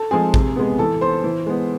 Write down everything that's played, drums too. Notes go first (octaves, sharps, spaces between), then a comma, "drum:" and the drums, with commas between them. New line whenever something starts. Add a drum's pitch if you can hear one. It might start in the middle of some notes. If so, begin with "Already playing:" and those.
Already playing: A4 A5
F3 G#3 C4 G#4 G#5
C3, drum: kick
G#3 B3
E3 A4 A5
B3 C5 C6
E3
G#3 B3